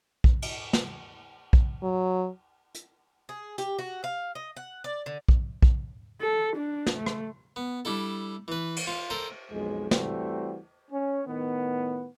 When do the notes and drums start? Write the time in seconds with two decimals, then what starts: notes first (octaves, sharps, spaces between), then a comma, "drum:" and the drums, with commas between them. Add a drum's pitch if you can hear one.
0.24 drum: kick A#1
0.42 drum: cymbal
0.73 drum: snare
1.53 drum: kick A#1
1.83 F#3
2.75 drum: hi-hat
3.29 G#4
3.58 G4, drum: hi-hat
3.79 F#4
4.04 F5
4.35 D#5
4.57 F#5
4.84 D5
5.06 D3
5.29 drum: kick A#1
5.62 drum: kick A#1
6.21 A4
6.56 D4
6.86 drum: snare
6.96 A3
7.06 drum: rim click
7.56 B3
7.85 G3 D4 E4 A4
8.48 E3 B4
8.76 drum: cymbal
8.87 F4
9.10 A4 A#4 C5
9.51 B1 F2 G#3
9.91 E3 G3 A3 C4 F#4, drum: snare
10.91 C#4
11.27 A2 D#3 B3